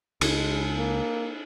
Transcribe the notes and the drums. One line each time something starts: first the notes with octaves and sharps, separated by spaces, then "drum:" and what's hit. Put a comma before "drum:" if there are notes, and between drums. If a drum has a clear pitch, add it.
C#2 G#3, drum: cymbal
A#3